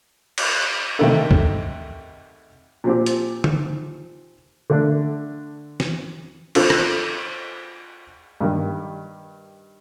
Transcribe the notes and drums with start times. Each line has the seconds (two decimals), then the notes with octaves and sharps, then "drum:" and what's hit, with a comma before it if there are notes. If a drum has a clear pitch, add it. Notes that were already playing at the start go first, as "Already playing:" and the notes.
0.38 drum: cymbal
0.99 C3 D#3 A3 D#4 A4
1.31 drum: kick C2
2.84 A#2 F3 C4 G4
3.06 drum: hi-hat
3.44 drum: tom D3
4.70 D3 A3 D4
5.80 drum: snare
6.55 F3 C4 F4 A4, drum: cymbal
6.70 drum: rim click
8.41 G2 D#3 G3